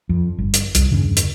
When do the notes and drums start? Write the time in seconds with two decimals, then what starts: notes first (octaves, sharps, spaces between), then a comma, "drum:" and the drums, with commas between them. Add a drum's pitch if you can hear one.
0.09 F2
0.38 G1
0.54 drum: hi-hat
0.75 C2, drum: hi-hat
0.91 E2 G2 C#3 E3
1.17 drum: hi-hat